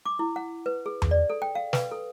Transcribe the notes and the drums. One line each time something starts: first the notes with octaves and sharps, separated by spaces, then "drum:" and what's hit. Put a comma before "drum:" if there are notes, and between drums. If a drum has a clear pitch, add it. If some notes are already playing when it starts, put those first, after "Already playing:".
D6
E4
F#5
B4
G#4
drum: tom E2
D5
A4
G5
F5
B4, drum: snare
A4